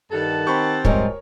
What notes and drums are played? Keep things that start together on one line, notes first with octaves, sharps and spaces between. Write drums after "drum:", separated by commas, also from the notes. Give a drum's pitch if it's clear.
G2 D#3 A4 F#5 A5
C4 G4 A#5 B5 C#6
G#2 F3 G3 A#4 C#5, drum: kick